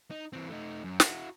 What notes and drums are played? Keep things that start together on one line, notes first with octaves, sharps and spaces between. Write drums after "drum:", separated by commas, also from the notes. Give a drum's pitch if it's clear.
D#4
E3 C4
A3 D#4
F#2
E4 F#4, drum: snare